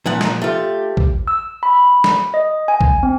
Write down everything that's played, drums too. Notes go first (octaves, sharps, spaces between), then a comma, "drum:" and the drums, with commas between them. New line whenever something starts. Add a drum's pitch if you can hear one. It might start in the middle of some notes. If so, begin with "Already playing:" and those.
A#2 F3 F#5
drum: snare
A3 F4 G4
drum: kick
E6
B5
drum: snare
D#5
G#5
drum: kick
C4